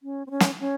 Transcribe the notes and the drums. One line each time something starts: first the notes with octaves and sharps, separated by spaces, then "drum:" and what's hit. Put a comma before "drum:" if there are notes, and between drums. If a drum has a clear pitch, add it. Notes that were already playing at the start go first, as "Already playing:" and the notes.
C#4
C4
C#4
drum: snare
C#4